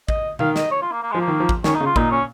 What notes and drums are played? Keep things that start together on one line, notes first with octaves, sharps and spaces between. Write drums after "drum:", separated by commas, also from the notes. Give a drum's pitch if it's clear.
D#5, drum: kick
D#3 F5, drum: tom B2
D#5, drum: snare
C#5
F4
A#3
A#3
F3 G#3
A#3
D#3
F3
drum: kick
D#3 C#4, drum: snare
D#4
C#3
F4
A#2 D#4, drum: kick
C#4